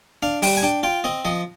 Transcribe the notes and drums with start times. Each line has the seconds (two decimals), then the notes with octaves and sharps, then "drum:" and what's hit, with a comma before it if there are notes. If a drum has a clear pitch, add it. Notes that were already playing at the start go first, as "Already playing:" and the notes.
0.23 D4 F5
0.42 G3 G5, drum: open hi-hat
0.57 G#5
0.63 D4 G5
0.83 F4 G5
1.04 C4 D#5
1.25 F3 D#5